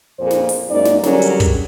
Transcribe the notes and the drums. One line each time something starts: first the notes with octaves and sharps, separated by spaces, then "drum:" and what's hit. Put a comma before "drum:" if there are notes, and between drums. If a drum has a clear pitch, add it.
F2 A#2 G#4 C5
drum: snare
drum: open hi-hat
F#2 G#3 A#3 D#4 D5
drum: snare
D3 F#3 G3 C#4 G#4 A#4, drum: snare
drum: hi-hat
drum: kick, hi-hat